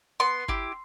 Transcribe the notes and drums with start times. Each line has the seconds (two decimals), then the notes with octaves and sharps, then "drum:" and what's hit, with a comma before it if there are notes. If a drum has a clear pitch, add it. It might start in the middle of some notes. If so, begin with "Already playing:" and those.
0.20 B3 C6
0.48 E4 G4, drum: kick G#1